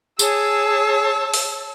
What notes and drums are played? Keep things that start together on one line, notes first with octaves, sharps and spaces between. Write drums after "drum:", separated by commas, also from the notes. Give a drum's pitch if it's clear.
G#4 C#5 A5 E6, drum: tambourine
drum: open hi-hat